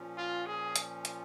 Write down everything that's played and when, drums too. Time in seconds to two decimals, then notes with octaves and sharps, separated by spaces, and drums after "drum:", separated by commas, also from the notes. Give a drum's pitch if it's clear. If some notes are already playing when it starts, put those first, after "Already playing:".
Already playing: A#2 F3 C#4
0.17 F4
0.46 G#4
0.76 drum: hi-hat
1.05 drum: hi-hat